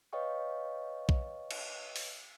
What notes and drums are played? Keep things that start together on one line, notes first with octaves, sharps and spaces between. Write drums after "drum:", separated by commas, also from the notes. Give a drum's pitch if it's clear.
B4 C#5 D#5 F5 G5 C#6
drum: kick
drum: cymbal
drum: open hi-hat